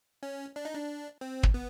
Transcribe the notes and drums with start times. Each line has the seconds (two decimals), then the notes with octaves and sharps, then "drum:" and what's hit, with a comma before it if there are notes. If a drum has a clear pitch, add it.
0.23 C#4
0.56 D4
0.65 D#4
0.75 D4
1.21 C4
1.43 drum: kick
1.54 B3